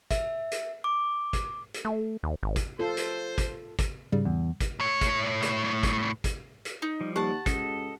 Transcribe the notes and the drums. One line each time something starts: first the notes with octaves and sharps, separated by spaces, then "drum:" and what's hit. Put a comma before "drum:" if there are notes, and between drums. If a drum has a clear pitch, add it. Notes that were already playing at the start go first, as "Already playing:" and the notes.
E5, drum: kick, hi-hat
drum: hi-hat
D6
drum: kick, hi-hat
drum: hi-hat
A3
D#2
G#1
drum: kick, hi-hat
F4 A4 C5
drum: hi-hat
drum: kick, hi-hat
drum: kick, hi-hat
G#2 C#3 G3
E2
drum: kick, hi-hat
A2 C#5
drum: kick, hi-hat
drum: hi-hat
drum: kick, hi-hat
drum: kick, hi-hat
drum: hi-hat
D#4
F3 G3
D#2 G4 F#5 A5
C#2 A4 D#5, drum: kick, hi-hat